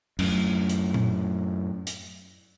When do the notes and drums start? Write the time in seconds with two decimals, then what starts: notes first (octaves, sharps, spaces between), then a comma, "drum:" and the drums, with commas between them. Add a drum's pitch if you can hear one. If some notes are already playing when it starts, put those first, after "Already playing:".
0.19 F#2 A2, drum: cymbal
0.69 drum: hi-hat
0.94 drum: tom A#2
1.87 drum: hi-hat